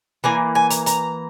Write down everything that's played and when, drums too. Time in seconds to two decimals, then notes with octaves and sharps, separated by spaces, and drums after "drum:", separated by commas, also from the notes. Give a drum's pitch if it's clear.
0.24 E3 A#3 G#5
0.55 G#5
0.70 A#5, drum: hi-hat
0.86 A#5, drum: hi-hat